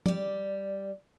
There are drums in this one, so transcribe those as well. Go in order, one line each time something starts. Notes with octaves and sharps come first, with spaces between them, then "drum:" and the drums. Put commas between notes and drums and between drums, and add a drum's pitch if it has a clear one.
G3 D5, drum: tom